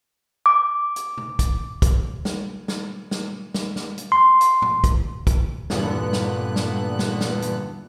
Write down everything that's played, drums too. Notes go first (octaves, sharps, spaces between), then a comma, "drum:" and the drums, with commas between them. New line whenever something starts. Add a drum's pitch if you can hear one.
D6
drum: hi-hat
drum: tom C3
drum: kick, hi-hat
drum: kick, hi-hat
drum: snare
drum: snare
drum: snare
drum: snare
drum: snare
drum: hi-hat
C6
drum: hi-hat
drum: tom A2
drum: kick, hi-hat
drum: kick, hi-hat
E2 G2 A#2 D3 B3 F#6, drum: snare
drum: snare
drum: snare
drum: snare
drum: snare
drum: hi-hat